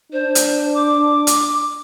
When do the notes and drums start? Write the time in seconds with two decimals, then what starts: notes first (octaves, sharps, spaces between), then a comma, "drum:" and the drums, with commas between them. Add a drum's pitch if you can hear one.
0.12 D4 C5
0.35 drum: hi-hat
0.74 D6
1.27 drum: hi-hat